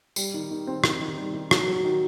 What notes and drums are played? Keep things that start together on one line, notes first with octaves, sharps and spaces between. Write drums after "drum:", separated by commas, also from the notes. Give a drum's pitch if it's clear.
G3, drum: tambourine
D#3
D#3
C4
D#3, drum: rim click
D#3
G3
D#3
F#3, drum: rim click
F#3
D#3